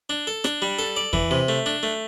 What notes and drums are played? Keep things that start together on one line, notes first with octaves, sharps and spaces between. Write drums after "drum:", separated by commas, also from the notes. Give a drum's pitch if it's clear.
D4
A4
D4, drum: rim click
G3
A4
D5
E3, drum: kick E2
C3
A3
D4
A3